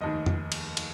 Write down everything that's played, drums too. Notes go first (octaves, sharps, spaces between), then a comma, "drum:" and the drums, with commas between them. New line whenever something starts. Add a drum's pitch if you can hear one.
F1 D#2 D#3 D#5
drum: tom F2
drum: cymbal
drum: cymbal